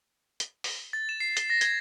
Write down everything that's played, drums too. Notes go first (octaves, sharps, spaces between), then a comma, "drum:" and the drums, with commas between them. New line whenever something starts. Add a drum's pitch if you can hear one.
drum: hi-hat
drum: open hi-hat
A6
E7
C7
A6, drum: hi-hat
A#6
G#6, drum: hi-hat